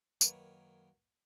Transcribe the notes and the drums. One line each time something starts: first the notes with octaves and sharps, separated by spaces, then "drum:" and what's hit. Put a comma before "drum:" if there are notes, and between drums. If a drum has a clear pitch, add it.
F#2 D#3 A#3 B4 C#5, drum: tambourine